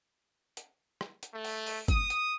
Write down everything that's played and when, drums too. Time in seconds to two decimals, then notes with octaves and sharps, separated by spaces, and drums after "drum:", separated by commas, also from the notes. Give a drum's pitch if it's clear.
0.57 drum: hi-hat
1.01 drum: rim click
1.23 drum: hi-hat
1.33 A3
1.45 drum: open hi-hat
1.66 drum: open hi-hat
1.88 D#6, drum: kick, hi-hat
2.10 drum: hi-hat